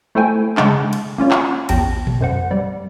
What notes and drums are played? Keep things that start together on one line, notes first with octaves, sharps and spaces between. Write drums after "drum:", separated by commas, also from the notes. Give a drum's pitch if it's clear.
A3 E4 A4 C5 G5 G#5
C#3 G#3 D4, drum: clap
drum: cymbal
A#3 C#4 F4 C#5
drum: clap
A#1 E2 G5 A5 A#6, drum: cymbal
drum: tom A#2
F#2 C5 F#5
G3 D5